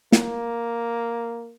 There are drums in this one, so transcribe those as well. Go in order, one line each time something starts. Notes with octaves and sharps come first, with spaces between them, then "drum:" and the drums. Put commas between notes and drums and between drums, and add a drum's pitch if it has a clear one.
A#3, drum: snare